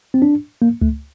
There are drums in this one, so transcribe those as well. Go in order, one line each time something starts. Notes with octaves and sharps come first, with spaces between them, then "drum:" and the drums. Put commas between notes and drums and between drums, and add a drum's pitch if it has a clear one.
C4
D4
A#3
A3, drum: kick C#2